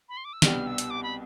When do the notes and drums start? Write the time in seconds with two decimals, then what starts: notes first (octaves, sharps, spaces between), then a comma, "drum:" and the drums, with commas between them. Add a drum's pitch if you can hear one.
0.09 B5
0.17 C6
0.25 D6
0.33 E6
0.42 C2 B2 B3 D4 G4 F6, drum: snare
0.66 E6
0.78 drum: hi-hat
0.90 D6
1.03 B5